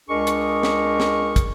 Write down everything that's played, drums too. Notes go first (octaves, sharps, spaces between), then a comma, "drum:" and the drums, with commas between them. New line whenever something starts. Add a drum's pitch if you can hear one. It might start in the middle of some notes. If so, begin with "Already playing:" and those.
C#2 D4 G#4 A#4 D#5 C#6
drum: hi-hat
drum: snare
drum: snare
drum: kick, hi-hat